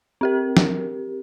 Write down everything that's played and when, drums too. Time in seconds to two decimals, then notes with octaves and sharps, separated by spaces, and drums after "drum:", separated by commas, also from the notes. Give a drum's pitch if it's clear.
0.21 C4 G4 A#4
0.57 drum: snare